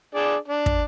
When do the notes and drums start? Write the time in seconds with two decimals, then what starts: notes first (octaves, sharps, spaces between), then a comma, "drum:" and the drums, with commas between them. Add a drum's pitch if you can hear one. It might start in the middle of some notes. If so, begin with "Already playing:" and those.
0.15 D4 G#4 D5
0.48 D4
0.66 drum: kick